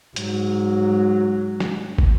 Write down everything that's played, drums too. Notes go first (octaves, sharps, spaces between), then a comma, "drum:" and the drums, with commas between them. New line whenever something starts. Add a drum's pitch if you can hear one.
G#2 F#3, drum: hi-hat
drum: snare
drum: kick